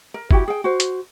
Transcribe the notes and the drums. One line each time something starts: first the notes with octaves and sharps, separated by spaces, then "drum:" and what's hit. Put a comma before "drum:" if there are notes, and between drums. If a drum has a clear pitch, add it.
A#4
E4 F#4 G4, drum: kick
G#4 G5
F#4 C5
drum: hi-hat